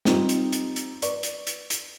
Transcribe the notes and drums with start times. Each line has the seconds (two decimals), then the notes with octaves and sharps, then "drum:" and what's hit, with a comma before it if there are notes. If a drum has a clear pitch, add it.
0.05 G3 C4 D#4 F4 G4, drum: snare
0.29 drum: hi-hat
0.52 drum: hi-hat
0.76 drum: hi-hat
1.02 B4 D5 C#6, drum: hi-hat
1.23 drum: hi-hat
1.47 drum: hi-hat
1.70 drum: hi-hat